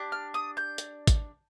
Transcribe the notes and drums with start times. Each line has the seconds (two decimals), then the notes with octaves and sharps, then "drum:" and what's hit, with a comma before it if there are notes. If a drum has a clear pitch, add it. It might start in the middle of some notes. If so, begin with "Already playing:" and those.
Already playing: D4 G4
0.12 F6
0.34 D#6
0.57 G6
0.78 drum: hi-hat
1.07 drum: kick G#1, hi-hat